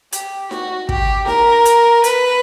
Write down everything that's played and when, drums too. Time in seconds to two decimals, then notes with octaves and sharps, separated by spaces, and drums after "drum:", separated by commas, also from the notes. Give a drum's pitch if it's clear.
0.12 G4, drum: hi-hat
0.51 F#4, drum: snare D#4
0.89 G4, drum: kick
1.27 A#4, drum: snare D#4
1.65 drum: hi-hat
2.04 B4, drum: hi-hat